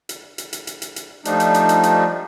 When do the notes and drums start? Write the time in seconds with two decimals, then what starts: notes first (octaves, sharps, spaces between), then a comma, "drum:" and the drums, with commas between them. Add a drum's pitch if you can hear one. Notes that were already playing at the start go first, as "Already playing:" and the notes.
0.09 drum: hi-hat
0.38 drum: hi-hat
0.53 drum: hi-hat
0.67 drum: hi-hat
0.82 drum: hi-hat
0.96 drum: hi-hat
1.25 F3 G3 A3 D4 D#4, drum: hi-hat
1.40 drum: hi-hat
1.54 drum: hi-hat
1.69 drum: hi-hat
1.83 drum: hi-hat